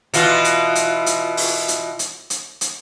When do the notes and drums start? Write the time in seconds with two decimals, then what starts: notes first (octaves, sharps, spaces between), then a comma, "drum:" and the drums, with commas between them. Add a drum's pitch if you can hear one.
0.14 B2 E3 F4, drum: hi-hat
0.44 drum: hi-hat
0.75 drum: hi-hat
1.06 drum: hi-hat
1.37 drum: open hi-hat
1.68 drum: hi-hat
1.99 drum: hi-hat
2.30 drum: hi-hat
2.61 drum: hi-hat